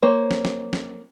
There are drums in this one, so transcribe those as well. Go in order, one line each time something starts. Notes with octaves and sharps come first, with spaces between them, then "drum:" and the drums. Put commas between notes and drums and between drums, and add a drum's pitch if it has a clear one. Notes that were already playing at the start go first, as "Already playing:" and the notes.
A#3 C5 C#5
drum: snare
drum: snare
drum: snare